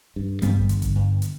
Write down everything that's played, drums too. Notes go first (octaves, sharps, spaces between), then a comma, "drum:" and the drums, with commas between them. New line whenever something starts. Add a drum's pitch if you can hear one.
G2
G2 G3 B3, drum: hi-hat
drum: kick G#1
D3, drum: hi-hat
drum: kick G#1, hi-hat
G2
drum: hi-hat